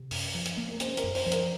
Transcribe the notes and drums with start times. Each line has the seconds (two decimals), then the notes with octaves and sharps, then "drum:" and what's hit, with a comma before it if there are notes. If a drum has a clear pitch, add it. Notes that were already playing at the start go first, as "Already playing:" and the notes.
Already playing: C3
0.11 F#2, drum: open hi-hat
0.34 F3
0.46 drum: hi-hat
0.57 A#3
0.69 A#4
0.80 C#4 C5, drum: hi-hat
0.97 A#4, drum: hi-hat
1.04 F#2
1.15 C5, drum: open hi-hat
1.26 F3
1.32 A#4, drum: hi-hat